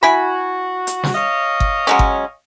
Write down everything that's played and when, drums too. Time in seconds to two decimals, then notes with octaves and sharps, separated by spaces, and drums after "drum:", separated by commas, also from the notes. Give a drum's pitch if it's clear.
0.03 E4 F#4 G#5 B5
0.87 drum: hi-hat
1.03 drum: snare
1.15 C#5 D#5 F5
1.60 drum: kick G1
1.87 F#3 G#3 C#4
1.99 drum: kick G1